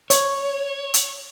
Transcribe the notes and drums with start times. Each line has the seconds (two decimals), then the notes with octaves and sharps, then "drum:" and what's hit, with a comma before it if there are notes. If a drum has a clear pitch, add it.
0.10 C#5, drum: hi-hat
0.94 drum: hi-hat